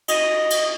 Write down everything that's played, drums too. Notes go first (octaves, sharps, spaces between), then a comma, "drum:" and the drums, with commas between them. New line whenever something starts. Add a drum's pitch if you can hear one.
D#5, drum: cymbal
drum: cymbal